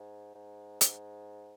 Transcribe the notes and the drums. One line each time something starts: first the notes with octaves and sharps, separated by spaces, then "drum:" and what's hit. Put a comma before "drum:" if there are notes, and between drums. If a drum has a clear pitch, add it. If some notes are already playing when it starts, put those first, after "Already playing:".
Already playing: G#2
G#2
G#2, drum: hi-hat